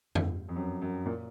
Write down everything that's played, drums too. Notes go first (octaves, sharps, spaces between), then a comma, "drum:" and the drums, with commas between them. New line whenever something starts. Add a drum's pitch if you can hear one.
drum: tom F2
F2
F#2
F#2
A#2